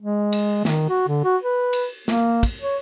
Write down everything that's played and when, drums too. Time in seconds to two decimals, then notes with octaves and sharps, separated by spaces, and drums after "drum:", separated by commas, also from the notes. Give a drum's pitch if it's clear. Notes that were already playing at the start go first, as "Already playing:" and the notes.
0.02 G#3
0.33 drum: cymbal
0.65 D#3, drum: snare
0.89 F#4
1.08 D3
1.24 F#4
1.44 B4
1.73 drum: cymbal
2.08 A#3, drum: snare
2.43 drum: kick, cymbal
2.62 C#5